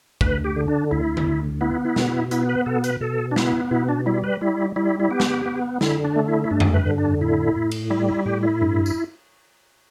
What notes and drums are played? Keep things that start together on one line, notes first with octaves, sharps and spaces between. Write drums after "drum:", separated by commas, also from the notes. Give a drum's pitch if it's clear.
D2 B4, drum: kick
G4
D3
D4
D2 E4
drum: tom D3
D2
B3 E4
E4
B2, drum: snare
E4
B3 E4, drum: hi-hat
B4
B2 A4
B4, drum: hi-hat
B2 A4
D4
B3 E4, drum: snare
B2 E4
D4
G3 E4
B4
G3 E4
G3 E4
E4
B3 G4
drum: snare
B3
D3 E4, drum: snare
D4
A3
E4
E4
G2 D4
drum: tom F2
B4
D3
D4
A2 E4
A2
drum: cymbal
G3 E4
E4
A2 G4
E4
G2
drum: tambourine